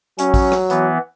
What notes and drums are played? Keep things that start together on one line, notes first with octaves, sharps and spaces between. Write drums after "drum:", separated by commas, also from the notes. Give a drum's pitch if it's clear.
F#3 C#4, drum: hi-hat
drum: kick, open hi-hat
drum: rim click
E3 B3, drum: hi-hat